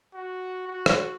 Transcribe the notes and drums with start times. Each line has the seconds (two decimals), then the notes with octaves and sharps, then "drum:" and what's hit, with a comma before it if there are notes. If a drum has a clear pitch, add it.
0.15 F#4
0.68 F#4
0.86 drum: rim click